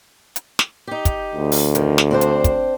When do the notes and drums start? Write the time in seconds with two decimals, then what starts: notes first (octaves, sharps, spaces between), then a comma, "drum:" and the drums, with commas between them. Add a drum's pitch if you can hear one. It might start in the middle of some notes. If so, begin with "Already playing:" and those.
0.36 drum: hi-hat
0.59 drum: snare
0.87 D#4 G4
1.05 drum: kick, hi-hat
1.34 D2
1.52 drum: open hi-hat
1.75 F2 D#3, drum: hi-hat
1.98 drum: snare
2.11 C4 D4 C5
2.21 drum: hi-hat
2.44 drum: kick, hi-hat